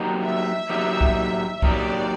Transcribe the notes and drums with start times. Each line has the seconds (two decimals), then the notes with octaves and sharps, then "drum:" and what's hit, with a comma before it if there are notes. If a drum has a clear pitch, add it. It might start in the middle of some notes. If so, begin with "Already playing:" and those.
Already playing: F#3 A#3 D#4 G4
0.23 E5
0.69 F#3 A#3 D#4 G4
1.01 drum: kick B1
1.62 F#3 A#3 D#4 G4 D5, drum: kick B1